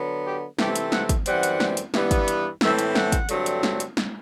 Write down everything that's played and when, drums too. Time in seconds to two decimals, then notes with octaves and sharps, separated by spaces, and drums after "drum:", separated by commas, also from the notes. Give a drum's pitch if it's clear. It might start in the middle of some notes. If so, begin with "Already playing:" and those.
Already playing: D3 F#3 B3
0.25 G4
0.59 C3 E3 A3 C4 G4, drum: snare
0.76 drum: hi-hat
0.92 F#5, drum: snare
1.09 drum: kick, hi-hat
1.26 F#2 E3 G3 C4 F#5, drum: hi-hat
1.43 drum: hi-hat
1.60 drum: snare
1.77 drum: hi-hat
1.94 G2 E3 G3 B3, drum: snare
2.11 drum: kick, hi-hat
2.28 drum: hi-hat
2.61 A2 E3 A3 C4 E5, drum: snare
2.79 drum: hi-hat
2.95 F#5, drum: snare
3.12 drum: kick, hi-hat
3.29 G2 D3 F#3 A3 C4, drum: hi-hat
3.46 drum: hi-hat
3.63 drum: snare
3.80 drum: hi-hat
3.97 drum: snare